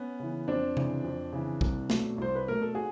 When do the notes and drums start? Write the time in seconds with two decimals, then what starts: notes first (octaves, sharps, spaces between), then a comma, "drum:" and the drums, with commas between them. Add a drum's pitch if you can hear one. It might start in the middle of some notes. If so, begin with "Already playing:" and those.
Already playing: B3 C#4
0.19 C#3 E3
0.48 F2 C4 D4
0.77 C#3 E3, drum: tom C3
1.04 F2
1.32 C#3 E3
1.61 C2, drum: kick
1.90 B2 F#3 A3, drum: snare
2.18 C2 C5
2.35 B4
2.47 B2 F#3 A3 A#4
2.62 A4
2.75 F#4 G#4